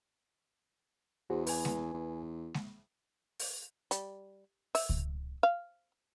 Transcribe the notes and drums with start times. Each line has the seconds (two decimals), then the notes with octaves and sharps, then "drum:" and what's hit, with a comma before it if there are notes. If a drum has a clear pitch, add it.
1.30 E2 F#4 G#4 C5
1.47 B4 G#5, drum: open hi-hat
1.65 drum: snare G#3
1.94 E2
2.54 drum: snare G#3
3.39 drum: open hi-hat
3.91 G3, drum: hi-hat
4.75 E5, drum: open hi-hat
4.89 drum: kick C#2
5.43 F5